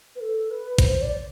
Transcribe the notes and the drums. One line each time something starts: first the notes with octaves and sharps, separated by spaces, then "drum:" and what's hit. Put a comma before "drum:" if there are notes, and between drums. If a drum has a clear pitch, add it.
B4
A4
B4
C5, drum: kick, hi-hat
D5